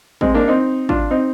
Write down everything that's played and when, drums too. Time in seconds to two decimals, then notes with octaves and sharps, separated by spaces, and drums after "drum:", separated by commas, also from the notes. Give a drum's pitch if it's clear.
0.21 G#3 C4, drum: kick
0.34 A#3 D4
0.48 C4 D#4
0.89 D4 F4, drum: kick
1.11 C4 D#4